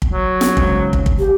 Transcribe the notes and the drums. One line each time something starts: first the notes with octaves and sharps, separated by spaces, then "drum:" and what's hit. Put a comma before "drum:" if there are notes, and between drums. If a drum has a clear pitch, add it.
drum: kick
F#3
drum: snare
G#2 C#3, drum: kick
drum: kick
drum: kick
G4